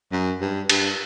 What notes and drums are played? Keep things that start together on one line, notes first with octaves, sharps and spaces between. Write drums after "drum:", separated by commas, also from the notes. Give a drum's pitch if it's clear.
F#2
G2
G2, drum: cymbal